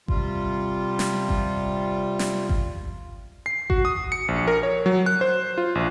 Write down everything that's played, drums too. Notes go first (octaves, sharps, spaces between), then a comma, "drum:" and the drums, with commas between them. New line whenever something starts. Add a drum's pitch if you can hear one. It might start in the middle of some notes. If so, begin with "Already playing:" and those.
C3 G3 F4, drum: kick G#1
drum: snare
drum: kick G#1
drum: snare
drum: kick G#1
C7
F#4, drum: kick G#1
D#6
C#7
A#1
A#4
C#5
F#3
F#6
C5
F4
A#1